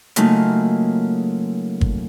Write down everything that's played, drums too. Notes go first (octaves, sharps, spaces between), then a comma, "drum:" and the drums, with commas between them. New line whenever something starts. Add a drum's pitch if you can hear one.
C#3 F#3 A3 A#3 D#4 F4, drum: hi-hat
drum: kick G1